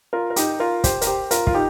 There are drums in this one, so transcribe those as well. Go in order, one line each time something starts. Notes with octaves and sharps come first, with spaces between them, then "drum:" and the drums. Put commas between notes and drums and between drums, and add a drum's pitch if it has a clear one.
F4 A#4
A#4
D#4 G4, drum: hi-hat
F4 A#4
G4 C5, drum: kick, hi-hat
A#4, drum: hi-hat
G4 C5
F4 A#4, drum: hi-hat
F4, drum: kick
D#4 G4